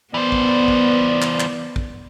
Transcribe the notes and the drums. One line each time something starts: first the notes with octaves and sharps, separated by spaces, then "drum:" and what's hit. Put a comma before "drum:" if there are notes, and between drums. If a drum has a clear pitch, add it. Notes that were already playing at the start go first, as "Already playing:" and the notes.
E3 B3 C5 D5
drum: kick A#1
drum: kick A#1
drum: clap
drum: clap
drum: kick A#1